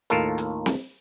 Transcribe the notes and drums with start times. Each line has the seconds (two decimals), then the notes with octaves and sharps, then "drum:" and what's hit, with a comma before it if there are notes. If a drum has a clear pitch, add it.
0.10 D#2 A2 F4 A4 A#4, drum: hi-hat
0.38 drum: hi-hat
0.66 drum: snare C4